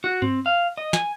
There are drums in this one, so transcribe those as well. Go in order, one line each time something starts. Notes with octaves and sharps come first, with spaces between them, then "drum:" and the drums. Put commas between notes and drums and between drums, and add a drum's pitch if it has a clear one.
F#4
C4, drum: tom G2
F5
D#5
G#5, drum: snare